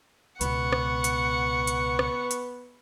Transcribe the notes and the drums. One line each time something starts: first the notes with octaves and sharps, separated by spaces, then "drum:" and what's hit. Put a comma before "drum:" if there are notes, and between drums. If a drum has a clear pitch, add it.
C#2 B2 B3 F#5 C#6, drum: hi-hat
drum: rim click
drum: hi-hat
drum: hi-hat
drum: rim click
drum: hi-hat